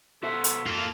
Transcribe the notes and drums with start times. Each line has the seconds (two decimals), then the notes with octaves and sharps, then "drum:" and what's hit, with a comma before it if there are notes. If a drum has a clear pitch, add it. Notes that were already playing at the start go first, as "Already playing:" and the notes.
0.23 B2 F#4 A4 C5 E5
0.44 drum: hi-hat
0.66 A#3 F4 A4